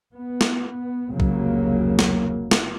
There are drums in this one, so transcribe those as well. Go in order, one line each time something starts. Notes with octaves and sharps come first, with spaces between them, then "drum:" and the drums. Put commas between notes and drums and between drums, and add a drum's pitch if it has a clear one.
B3
drum: snare
F1 C#2 C#3 F#3 A#3
drum: kick B1
drum: snare
drum: snare